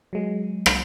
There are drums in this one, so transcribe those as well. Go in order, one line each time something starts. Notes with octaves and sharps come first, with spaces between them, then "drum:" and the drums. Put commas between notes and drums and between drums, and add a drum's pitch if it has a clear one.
F#3 G#3
drum: rim click